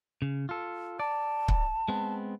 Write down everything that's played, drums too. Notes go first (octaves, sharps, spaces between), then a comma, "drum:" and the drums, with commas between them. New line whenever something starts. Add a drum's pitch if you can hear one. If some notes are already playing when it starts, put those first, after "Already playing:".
C#3
F4 A4
D5 A5
drum: kick C#1
G#3 B3 C4